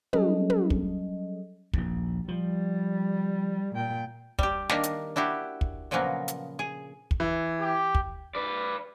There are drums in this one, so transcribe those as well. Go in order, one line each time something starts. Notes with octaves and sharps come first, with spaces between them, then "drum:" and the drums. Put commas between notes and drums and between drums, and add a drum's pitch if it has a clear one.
F#3 G3 C#4 G#4 A4 D#5, drum: tom
drum: tom
drum: kick
A#1 D#2, drum: kick
F3 G3
A#2 G5
G3 G4, drum: kick
D#3 A#3 D4 A#4, drum: snare
drum: hi-hat
D4 E4 F#4 G4
drum: kick
A#2 C#3 F3 F#3 A#3 B3
drum: hi-hat
G#4
drum: kick
E3
G4
drum: kick
B4 D5